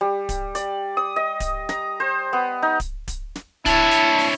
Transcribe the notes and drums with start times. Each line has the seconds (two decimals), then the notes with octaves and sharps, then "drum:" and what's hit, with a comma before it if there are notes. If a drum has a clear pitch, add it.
0.01 G3
0.29 drum: kick D1, hi-hat
0.55 D5, drum: hi-hat
0.97 D#6
1.16 D#5
1.40 drum: kick D1, hi-hat
1.69 A#5, drum: snare
2.00 C5
2.33 B3
2.62 D#4
2.80 drum: kick D1, hi-hat
3.08 drum: kick D1, hi-hat
3.35 drum: snare
3.66 D4 E4 C#5 A5, drum: kick D1, hi-hat
3.91 drum: hi-hat
4.19 drum: open hi-hat